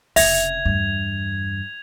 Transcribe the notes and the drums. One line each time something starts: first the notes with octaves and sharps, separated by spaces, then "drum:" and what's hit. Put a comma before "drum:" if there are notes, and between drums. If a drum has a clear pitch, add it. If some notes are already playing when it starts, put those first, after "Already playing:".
F1 C#3 E5 G#6 F7, drum: open hi-hat
E2 G2